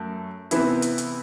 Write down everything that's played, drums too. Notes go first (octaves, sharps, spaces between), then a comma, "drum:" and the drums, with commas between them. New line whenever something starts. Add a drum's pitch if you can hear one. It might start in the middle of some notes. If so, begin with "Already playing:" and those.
Already playing: F#2 A3
C3 E3 B3 E4, drum: hi-hat
drum: hi-hat
drum: hi-hat